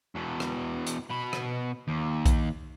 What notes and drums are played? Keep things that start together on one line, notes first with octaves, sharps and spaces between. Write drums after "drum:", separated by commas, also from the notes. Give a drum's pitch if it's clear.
E2 B2
drum: rim click
drum: hi-hat
B2 B5
drum: rim click
D#2
drum: kick A#1, hi-hat